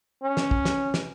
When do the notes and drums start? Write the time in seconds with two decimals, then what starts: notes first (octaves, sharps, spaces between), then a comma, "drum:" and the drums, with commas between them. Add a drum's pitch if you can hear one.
0.23 C#4
0.37 drum: snare
0.51 drum: kick
0.65 drum: snare
0.94 drum: snare